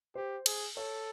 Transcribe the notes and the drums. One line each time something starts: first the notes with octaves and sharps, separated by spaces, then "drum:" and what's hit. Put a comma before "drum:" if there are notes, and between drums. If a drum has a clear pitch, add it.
G4 C5
G#4, drum: cymbal
A4 C#5